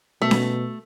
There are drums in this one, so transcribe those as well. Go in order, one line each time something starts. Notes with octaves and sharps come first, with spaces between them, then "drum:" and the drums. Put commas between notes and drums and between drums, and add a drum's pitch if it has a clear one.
B2 A3
drum: snare C#4